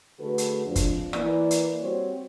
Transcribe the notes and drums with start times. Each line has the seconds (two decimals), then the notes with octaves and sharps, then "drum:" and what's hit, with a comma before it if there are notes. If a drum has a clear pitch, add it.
0.20 D3 A3 F#4 G#4 A4 B4
0.38 drum: hi-hat
0.66 F2 F3 G#3 D4
0.76 drum: kick, hi-hat
1.13 E3 A#3 D5, drum: rim click
1.51 drum: hi-hat
1.81 G3 C4 F#4 C5 C#5